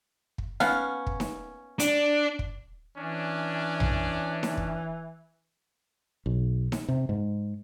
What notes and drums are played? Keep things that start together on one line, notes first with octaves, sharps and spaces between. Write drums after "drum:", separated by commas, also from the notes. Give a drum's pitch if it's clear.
drum: kick
B3 C#4 F5, drum: snare D#4
drum: kick
drum: snare D#4
D4, drum: hi-hat
drum: kick
E3 C#4 D4
drum: tom A#1
drum: snare D#4
drum: kick
B1
drum: snare D#4
C3
G#2